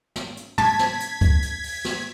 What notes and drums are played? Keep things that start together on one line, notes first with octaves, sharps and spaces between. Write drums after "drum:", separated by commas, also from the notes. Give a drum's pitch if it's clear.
drum: snare
drum: hi-hat
A5 G#6 B6, drum: tom
drum: snare
drum: hi-hat
drum: kick C#2, hi-hat
drum: hi-hat
drum: open hi-hat
drum: snare